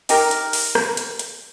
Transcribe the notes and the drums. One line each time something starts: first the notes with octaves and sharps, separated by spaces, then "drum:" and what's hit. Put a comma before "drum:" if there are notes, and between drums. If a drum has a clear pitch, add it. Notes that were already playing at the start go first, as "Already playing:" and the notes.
D#4 G4 A#4, drum: open hi-hat
drum: hi-hat
drum: open hi-hat
drum: rim click
drum: hi-hat
drum: hi-hat